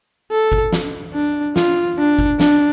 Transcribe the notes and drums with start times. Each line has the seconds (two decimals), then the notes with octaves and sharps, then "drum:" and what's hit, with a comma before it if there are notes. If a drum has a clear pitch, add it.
0.31 A4
0.52 drum: kick G1
0.73 drum: snare
1.14 D4
1.56 F4, drum: snare
1.98 D4
2.19 drum: kick G1
2.40 D4, drum: snare